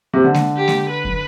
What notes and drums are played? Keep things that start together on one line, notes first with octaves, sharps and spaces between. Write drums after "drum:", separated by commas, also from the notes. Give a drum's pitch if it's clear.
C3
D3
drum: snare G#3
G4
drum: snare G#3
B4
drum: kick